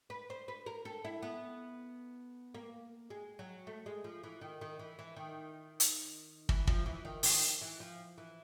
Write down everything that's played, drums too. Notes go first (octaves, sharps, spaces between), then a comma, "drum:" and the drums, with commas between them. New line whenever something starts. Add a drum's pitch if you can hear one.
B4
C5
B4
A#4
A4
E4
B3
A#3
G#3
F#3
A3
G#3
F3
E3
D#3
D#3
E3
E3
D#3
drum: hi-hat
E3, drum: kick
F3, drum: kick
E3
D#3
D#3, drum: open hi-hat
E3
F3
E3